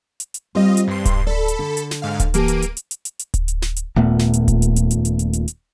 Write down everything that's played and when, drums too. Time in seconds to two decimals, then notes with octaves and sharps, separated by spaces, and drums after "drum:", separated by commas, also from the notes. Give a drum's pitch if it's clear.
0.20 drum: hi-hat
0.34 drum: hi-hat
0.55 G3 C4 F4 D#5
0.77 drum: hi-hat
0.87 G2 C6
1.05 drum: kick D1, hi-hat
1.27 A4 D5 B5
1.48 drum: hi-hat
1.59 D3
1.77 drum: hi-hat
1.91 drum: snare
2.02 G#2 F5
2.20 drum: kick D1, hi-hat
2.34 E3 A#3 G4 A5 D7 D#7, drum: hi-hat
2.48 drum: hi-hat
2.62 drum: hi-hat
2.77 drum: hi-hat
2.91 drum: hi-hat
3.05 drum: hi-hat
3.19 drum: hi-hat
3.34 drum: kick D1, hi-hat
3.48 drum: hi-hat
3.62 drum: snare
3.76 drum: hi-hat
3.96 D#1 A#2 A3 B3
4.19 drum: snare
4.34 drum: hi-hat
4.48 drum: kick D1, hi-hat
4.62 drum: hi-hat
4.76 drum: hi-hat
4.91 drum: hi-hat
5.05 drum: hi-hat
5.19 drum: hi-hat
5.33 drum: hi-hat
5.48 drum: hi-hat